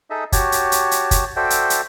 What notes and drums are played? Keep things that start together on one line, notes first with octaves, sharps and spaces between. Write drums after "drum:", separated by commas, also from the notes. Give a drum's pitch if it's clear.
D#4 G#4 A4 D#5 E5
F#4 G4 C#5 A5, drum: kick, hi-hat
drum: hi-hat
drum: hi-hat
drum: hi-hat
drum: kick, hi-hat
F#4 A4 C5 D5 E5 G5
drum: hi-hat
drum: hi-hat